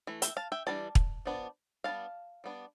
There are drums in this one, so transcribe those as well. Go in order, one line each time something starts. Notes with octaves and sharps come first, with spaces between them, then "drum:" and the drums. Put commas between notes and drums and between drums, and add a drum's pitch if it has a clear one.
E3 A3
E5 G5, drum: hi-hat
F5 A5
E5 G5
E3 G3 D4 A5
drum: kick
F3 B3 D4
G3 B3 D4 F5 A5
G3 B3 D4